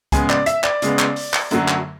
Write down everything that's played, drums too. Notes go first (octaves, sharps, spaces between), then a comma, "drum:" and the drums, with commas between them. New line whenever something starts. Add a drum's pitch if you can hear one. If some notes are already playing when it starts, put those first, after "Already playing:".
C#3 G#3 B3 G#5, drum: kick, hi-hat
D5, drum: clap
E5, drum: hi-hat
D5, drum: clap
C#3 G#3 B3, drum: hi-hat
drum: clap
drum: open hi-hat
drum: clap
F#2 D3 F#3 A3, drum: hi-hat
drum: clap